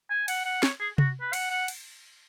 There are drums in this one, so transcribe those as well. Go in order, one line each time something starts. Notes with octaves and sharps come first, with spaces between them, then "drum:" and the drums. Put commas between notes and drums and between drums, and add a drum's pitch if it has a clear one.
G#5
F#5, drum: cymbal
F#5
C#5, drum: snare
G#4
F#4, drum: tom C3
B4
F#5, drum: cymbal
F#5
drum: cymbal